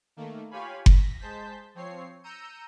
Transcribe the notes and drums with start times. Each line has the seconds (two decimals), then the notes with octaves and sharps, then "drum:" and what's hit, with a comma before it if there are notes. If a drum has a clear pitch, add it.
0.17 D#3 A3 A#3
0.51 F4 G4 C#5 F5 G#5 B5
0.86 A#6 B6, drum: kick F#1
1.19 G#3 C5 A5 G6 B6
1.75 F3 C4 C#5 C7
2.23 A#5 E6 G6 C#7 D#7